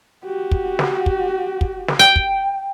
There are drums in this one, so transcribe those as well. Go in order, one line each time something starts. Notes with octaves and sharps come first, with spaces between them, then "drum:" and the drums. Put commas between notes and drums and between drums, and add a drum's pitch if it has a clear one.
F#4 G4
drum: kick
drum: snare
drum: kick
drum: kick
drum: snare
G5
drum: kick